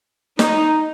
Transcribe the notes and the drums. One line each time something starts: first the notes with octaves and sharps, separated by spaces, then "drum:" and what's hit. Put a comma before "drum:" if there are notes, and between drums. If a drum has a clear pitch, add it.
D#4, drum: snare